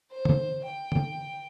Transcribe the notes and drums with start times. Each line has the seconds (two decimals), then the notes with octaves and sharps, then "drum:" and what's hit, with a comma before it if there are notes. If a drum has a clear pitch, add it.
0.12 C5
0.25 drum: tom
0.65 G5
0.92 drum: tom